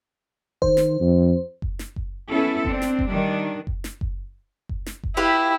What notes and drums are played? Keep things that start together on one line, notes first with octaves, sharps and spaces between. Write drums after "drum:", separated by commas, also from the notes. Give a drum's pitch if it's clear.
D#3 C5, drum: kick F#1
drum: snare
F2
drum: kick F#1
drum: snare
drum: kick F#1
B3 C#4 E4 A4
C4 D4, drum: kick F#1
drum: snare
drum: kick F#1
D#3 G3 D4
drum: kick F#1
drum: snare
drum: kick F#1
drum: kick F#1
drum: snare
drum: kick F#1
E4 G4 B4 F5